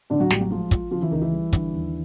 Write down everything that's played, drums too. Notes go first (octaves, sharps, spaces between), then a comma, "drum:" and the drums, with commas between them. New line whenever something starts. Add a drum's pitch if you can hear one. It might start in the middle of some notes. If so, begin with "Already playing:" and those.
A2 D3 D4
F#3 F#4
A1 G3 G4, drum: snare
F#3 F#4
F3 G#3 F4
F3, drum: kick, hi-hat
C#3 F3 F4
E3 E4
C#2 D#3 D#4
E3 E4
G3
D3, drum: kick, hi-hat
D#2